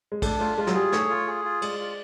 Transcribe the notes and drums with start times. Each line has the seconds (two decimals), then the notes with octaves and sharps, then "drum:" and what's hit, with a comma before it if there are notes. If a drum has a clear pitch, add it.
0.12 G#3
0.22 A3 D4, drum: kick, cymbal
0.40 A3 F4
0.58 G#3 F4
0.67 F#3, drum: snare
0.75 G3 G#4
0.92 A3 C#5, drum: snare
1.10 F4
1.27 G#4
1.45 F4
1.62 G#3 D5, drum: cymbal
1.79 F4